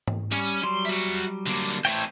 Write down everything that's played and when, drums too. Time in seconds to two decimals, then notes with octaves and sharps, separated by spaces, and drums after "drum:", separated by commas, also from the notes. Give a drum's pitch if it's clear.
0.08 drum: tom G#2
0.32 G3 C#4, drum: hi-hat
0.63 F#3 G3 C6
0.85 F#4 E5
1.47 D3 A#3
1.85 E3 A3 C5 C#5 G5